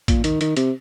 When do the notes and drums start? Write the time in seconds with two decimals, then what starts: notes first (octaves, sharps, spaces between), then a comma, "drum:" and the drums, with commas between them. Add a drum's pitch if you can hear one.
0.08 A#2, drum: kick, hi-hat
0.24 D#3, drum: hi-hat
0.41 D#3, drum: hi-hat
0.57 C3, drum: hi-hat